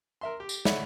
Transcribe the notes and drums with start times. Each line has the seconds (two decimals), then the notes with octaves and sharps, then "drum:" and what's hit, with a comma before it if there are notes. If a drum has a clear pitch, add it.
0.21 A#4 E5 C6
0.40 G4
0.49 drum: tambourine
0.65 C#5 D5 E5 F#5 B5, drum: snare